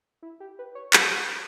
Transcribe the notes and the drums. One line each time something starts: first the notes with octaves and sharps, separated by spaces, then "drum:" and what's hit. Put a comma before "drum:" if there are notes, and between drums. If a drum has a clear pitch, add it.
E4
G4
B4
C#5
drum: clap